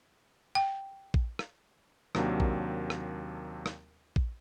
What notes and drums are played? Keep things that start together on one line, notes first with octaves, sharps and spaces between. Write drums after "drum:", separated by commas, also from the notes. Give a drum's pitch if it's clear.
G5
drum: kick A#1
drum: rim click
D#2 C3 F#3 A#3 D4, drum: rim click
drum: kick A#1
drum: rim click
drum: rim click
drum: kick A#1